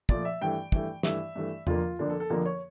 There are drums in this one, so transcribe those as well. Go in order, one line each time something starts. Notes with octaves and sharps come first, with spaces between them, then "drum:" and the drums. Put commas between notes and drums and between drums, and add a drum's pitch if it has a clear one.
A#2 F3 A3 D5, drum: kick
E5
G2 E3 A3 G5
G2 E3 A3, drum: kick
G2 E3 A3 E5, drum: snare
G2 E3 A3
F2 D3 F3 A#3 F4, drum: tom E2
F2 D3 F3 A#3 D4
A4
A4
F2 D3 F3 A#3 A#4
C#5